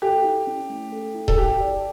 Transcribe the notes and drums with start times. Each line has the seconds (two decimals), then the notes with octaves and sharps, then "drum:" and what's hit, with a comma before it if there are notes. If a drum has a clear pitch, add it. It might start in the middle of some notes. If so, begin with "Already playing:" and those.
0.02 G4 A4
0.24 E4
0.47 C#4
0.70 A3
0.92 A4
1.15 E4
1.28 A4, drum: kick D#1
1.38 G4 A5
1.61 D5